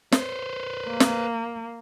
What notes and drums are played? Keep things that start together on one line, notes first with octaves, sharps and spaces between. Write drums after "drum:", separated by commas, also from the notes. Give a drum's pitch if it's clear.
B4 C5, drum: snare
A#3
drum: snare